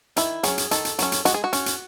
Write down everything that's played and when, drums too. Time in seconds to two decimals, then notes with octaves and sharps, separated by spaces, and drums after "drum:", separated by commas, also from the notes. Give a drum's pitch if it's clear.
0.16 D#3 E4, drum: hi-hat
0.43 F#3 C#4 G#4, drum: hi-hat
0.58 drum: hi-hat
0.71 D#3 A4, drum: hi-hat
0.85 drum: hi-hat
0.99 F#3 C#4, drum: hi-hat
1.12 drum: hi-hat
1.25 G#3 F#4, drum: hi-hat
1.34 G#4
1.44 F#4
1.53 C#4, drum: hi-hat
1.66 drum: hi-hat